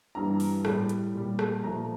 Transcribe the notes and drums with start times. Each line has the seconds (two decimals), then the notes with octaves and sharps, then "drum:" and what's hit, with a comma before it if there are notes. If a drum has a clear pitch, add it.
0.15 G2 E3 G3 A#5
0.40 drum: open hi-hat
0.65 A2 G3, drum: rim click
0.89 drum: hi-hat
1.14 A#2 G3
1.39 drum: rim click
1.64 A#2 F3 A3 A#5